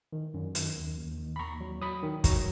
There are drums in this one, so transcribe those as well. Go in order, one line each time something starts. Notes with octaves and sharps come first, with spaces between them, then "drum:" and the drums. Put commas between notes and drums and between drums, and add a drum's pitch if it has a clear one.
D#3
F#2
D#3, drum: hi-hat
D#2
D#2
D#3
B5
D#2 A#5 C#6
F#3
F#3 B5 D#6
D#3
F#3 A#5 C#6, drum: kick, hi-hat